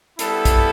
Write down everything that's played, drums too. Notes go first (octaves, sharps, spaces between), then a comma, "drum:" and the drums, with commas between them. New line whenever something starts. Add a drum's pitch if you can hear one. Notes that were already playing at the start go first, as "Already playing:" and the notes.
G3 B3 E4 A4, drum: hi-hat
drum: kick, hi-hat